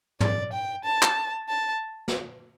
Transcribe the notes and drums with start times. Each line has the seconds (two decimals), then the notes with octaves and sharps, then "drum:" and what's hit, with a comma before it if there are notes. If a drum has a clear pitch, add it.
0.20 D5, drum: tom
0.53 G5
0.85 A5
1.03 drum: clap
1.49 A5
2.08 drum: snare